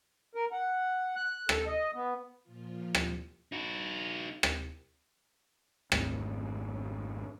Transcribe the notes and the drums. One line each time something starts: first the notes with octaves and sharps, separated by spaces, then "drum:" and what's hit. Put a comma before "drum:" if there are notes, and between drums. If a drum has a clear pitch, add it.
A#4
F#5
F#6
A4, drum: rim click
D#5
B3
A#2 F3 F4
drum: rim click
D#4 F#4
drum: rim click
G#1 F2 G#2 A3, drum: rim click